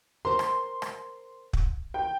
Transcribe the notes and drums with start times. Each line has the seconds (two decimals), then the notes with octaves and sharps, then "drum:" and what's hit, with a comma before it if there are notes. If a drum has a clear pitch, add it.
0.25 A#4 C5 C6
0.39 drum: rim click
0.82 drum: rim click
1.53 drum: kick
1.94 G5